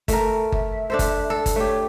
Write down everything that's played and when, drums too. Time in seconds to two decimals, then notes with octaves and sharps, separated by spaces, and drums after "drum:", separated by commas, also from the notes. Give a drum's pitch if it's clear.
0.08 A3 A#4, drum: kick G1, hi-hat
0.52 E5, drum: kick G1
0.90 D4 A4 C5
0.99 drum: kick G1, hi-hat
1.30 A4
1.46 drum: kick G1, hi-hat
1.56 A3 G4 C#5